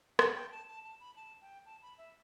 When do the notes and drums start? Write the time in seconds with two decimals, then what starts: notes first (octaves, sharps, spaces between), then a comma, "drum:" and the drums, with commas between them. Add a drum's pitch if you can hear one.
0.19 F#5, drum: rim click
0.35 G5
0.51 A5
0.68 A5
0.84 A5
1.00 B5
1.16 A5
1.41 G5
1.66 A5
1.82 B5
1.98 E5